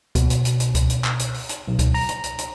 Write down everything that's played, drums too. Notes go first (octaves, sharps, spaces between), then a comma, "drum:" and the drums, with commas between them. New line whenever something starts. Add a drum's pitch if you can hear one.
B2, drum: kick C#2, hi-hat
drum: hi-hat
drum: hi-hat
drum: hi-hat
drum: kick C#2, hi-hat
drum: hi-hat
drum: clap
drum: hi-hat
drum: open hi-hat
drum: hi-hat
B1
drum: kick C#2, hi-hat
A#5, drum: open hi-hat
drum: hi-hat
drum: hi-hat
drum: hi-hat